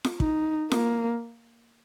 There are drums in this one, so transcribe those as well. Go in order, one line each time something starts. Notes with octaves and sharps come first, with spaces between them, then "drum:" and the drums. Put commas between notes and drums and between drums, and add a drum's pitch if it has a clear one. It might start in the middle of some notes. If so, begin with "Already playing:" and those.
drum: snare F4
D#4, drum: kick
A#3, drum: snare F4